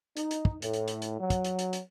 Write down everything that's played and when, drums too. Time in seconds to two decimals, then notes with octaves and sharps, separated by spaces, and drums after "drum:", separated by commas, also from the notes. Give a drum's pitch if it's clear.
0.17 D#4, drum: hi-hat
0.31 drum: hi-hat
0.45 drum: kick
0.62 A2, drum: hi-hat
0.73 drum: hi-hat
0.88 drum: hi-hat
1.02 drum: hi-hat
1.19 F#3
1.30 drum: kick, hi-hat
1.45 drum: hi-hat
1.59 drum: hi-hat
1.73 drum: hi-hat